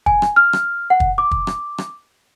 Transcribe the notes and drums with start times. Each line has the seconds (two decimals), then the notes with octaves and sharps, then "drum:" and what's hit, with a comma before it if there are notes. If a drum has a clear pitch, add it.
0.06 G#5, drum: kick
0.22 drum: rim click
0.36 F6
0.53 drum: rim click
0.90 F#5
1.00 drum: kick
1.18 D6
1.31 drum: kick
1.47 drum: rim click
1.78 drum: rim click